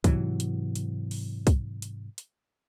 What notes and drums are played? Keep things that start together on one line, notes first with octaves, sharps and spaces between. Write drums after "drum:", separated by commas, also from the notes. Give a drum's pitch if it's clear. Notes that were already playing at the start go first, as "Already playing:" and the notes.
G#2 C3 E3 F#3, drum: kick, hi-hat
drum: hi-hat
drum: hi-hat
drum: open hi-hat
drum: kick, hi-hat
drum: hi-hat
drum: hi-hat